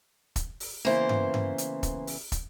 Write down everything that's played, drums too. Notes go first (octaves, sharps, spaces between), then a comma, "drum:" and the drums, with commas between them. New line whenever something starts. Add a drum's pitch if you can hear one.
drum: kick, hi-hat
drum: open hi-hat
C#3 E3 A#3 B3 C5
drum: tom G2
drum: tom G2
drum: hi-hat
drum: kick, hi-hat
drum: open hi-hat
drum: kick, hi-hat